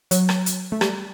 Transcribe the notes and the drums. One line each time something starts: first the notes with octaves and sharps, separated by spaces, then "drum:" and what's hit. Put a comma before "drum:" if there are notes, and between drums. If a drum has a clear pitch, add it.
F#3, drum: hi-hat
drum: rim click
drum: hi-hat
A3
G3, drum: rim click